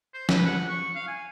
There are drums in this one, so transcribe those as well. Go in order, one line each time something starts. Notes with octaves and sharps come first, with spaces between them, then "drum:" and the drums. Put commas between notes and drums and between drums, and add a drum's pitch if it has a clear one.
C5
B4, drum: snare
F#5
C#6
F5
G#5